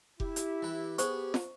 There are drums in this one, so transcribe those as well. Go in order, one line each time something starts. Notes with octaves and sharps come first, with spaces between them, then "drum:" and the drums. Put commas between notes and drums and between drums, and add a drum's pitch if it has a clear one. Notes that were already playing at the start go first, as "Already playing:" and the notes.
E4 G4, drum: kick F1
drum: hi-hat
E3 B4
B3 G#4 C5 C#6, drum: hi-hat
drum: snare